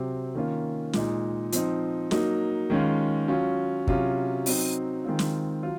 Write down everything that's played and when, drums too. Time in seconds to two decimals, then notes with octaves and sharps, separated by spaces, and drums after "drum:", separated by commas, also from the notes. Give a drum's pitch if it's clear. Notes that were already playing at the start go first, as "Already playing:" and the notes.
Already playing: C3 F#3 C4
0.35 D#3 A#3 C#4 F4
0.93 A#2 G#3 D#4, drum: snare
1.52 F3 C4 D#4, drum: hi-hat
2.11 F#3 A#3 D#4, drum: snare
2.70 D#3 G#3 C#4 F4
3.28 F#3 C#4 F4
3.87 C3 F#3 C#4 F4, drum: kick
4.46 F#3 C4 D#4, drum: open hi-hat
5.04 D#3 G#3 C4 F4
5.19 drum: snare
5.63 F#3 F4